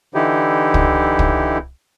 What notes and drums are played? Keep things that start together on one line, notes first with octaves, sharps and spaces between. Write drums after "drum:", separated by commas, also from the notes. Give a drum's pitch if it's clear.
D3 E3 D#4 E4 G4
drum: kick
drum: kick